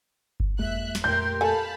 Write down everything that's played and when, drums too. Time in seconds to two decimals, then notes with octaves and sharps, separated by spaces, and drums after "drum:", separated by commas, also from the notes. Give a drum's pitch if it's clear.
0.40 drum: kick G1
0.59 F2 G#3 A#3 E5 F#6
0.95 drum: snare
1.04 F2 A#2 A3 G4 A#4 C6 G6
1.41 A4 F5 G#5 A5 B5